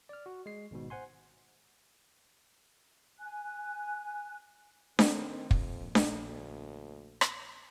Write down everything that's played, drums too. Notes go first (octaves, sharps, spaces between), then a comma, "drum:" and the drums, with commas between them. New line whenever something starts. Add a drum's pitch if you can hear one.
D5 F6
F#4
G#3 C7
G#1 G#2 B2
C5 F#5 G#5 C6
G#5 F#6
D#3 C4, drum: snare D4
A#1 F2, drum: kick
D#4, drum: snare D4
D2
drum: rim click